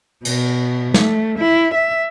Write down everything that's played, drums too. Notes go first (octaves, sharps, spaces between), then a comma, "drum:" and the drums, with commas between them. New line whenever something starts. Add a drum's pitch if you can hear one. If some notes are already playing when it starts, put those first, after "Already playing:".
B2, drum: cymbal
A3, drum: snare
E4
E5